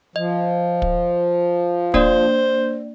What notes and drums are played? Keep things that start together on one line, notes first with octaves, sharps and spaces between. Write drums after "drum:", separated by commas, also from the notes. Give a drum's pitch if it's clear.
F3 D#5
drum: kick
A#3 D4 C5 D5, drum: kick